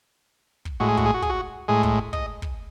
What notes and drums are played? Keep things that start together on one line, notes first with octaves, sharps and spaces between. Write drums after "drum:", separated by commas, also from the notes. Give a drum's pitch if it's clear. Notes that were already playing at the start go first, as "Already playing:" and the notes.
drum: kick
A2 G#3 F#4
G#4
F#4, drum: kick
G#4
F#4
G#4, drum: kick
F#4
A2 G#3 G#4
drum: kick
D#5, drum: kick
drum: kick